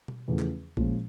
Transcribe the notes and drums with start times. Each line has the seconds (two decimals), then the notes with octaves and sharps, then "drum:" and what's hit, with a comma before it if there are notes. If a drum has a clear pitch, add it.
0.08 drum: tom B2
0.28 E2 C#3 F3 A3
0.39 drum: clap
0.77 A#2 F3 G#3 C#4 F4, drum: kick A1